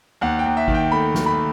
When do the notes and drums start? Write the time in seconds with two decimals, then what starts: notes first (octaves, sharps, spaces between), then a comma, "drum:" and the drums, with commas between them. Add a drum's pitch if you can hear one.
0.21 D#2 F#5
0.39 G5
0.45 D#2
0.57 E5
0.68 D#3, drum: kick G#1
0.75 G5
0.91 A3 B5
1.14 A3, drum: snare
1.26 B5